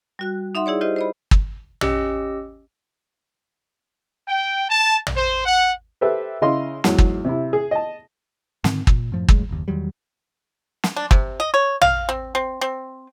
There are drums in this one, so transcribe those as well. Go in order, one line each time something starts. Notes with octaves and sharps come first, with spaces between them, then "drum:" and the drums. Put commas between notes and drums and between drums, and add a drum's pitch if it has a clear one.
G3 F#4 F#6
D#4 E5 F#5 C6
E4 G#4 C#5 D5
F4 G4 C5 D#5
C5 D#5 B5
drum: kick
C#4 G4 D#5 E6, drum: tom
G5
A5
drum: tom
C5
F#5
G4 A4 B4 C5 E5
C#3 E4 D#5 F5 C6
E2 G#2 F#3, drum: snare
drum: kick
C3 E4
G#4
D#5 A5
G#2 D3 D#3 C4, drum: snare
A#2, drum: kick
F#2 A2 F3
D#2 A2 F#3 G#3, drum: kick
F#1 D#2
E2 D#3 F#3 G3
drum: snare
D4
C3, drum: kick
D#5
C#5
F5, drum: tom
C4
C4
C4